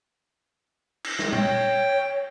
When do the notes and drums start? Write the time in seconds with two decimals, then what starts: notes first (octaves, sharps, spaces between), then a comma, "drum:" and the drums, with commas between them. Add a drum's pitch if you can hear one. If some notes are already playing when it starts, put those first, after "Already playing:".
1.04 drum: cymbal
1.19 drum: snare
1.33 C#5 G5, drum: tom